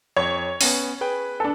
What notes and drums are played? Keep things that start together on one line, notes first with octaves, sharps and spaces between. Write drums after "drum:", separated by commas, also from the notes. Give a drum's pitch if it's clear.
F2 C#5
B3 C#4, drum: open hi-hat
G#4 B4 G5
D4 A4